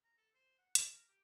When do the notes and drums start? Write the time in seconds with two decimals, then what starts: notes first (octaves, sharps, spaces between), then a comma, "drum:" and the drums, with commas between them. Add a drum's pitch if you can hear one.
0.04 A#5
0.18 A4
0.34 C5
0.58 F#5
0.75 A5, drum: hi-hat
0.93 A#4
1.08 G4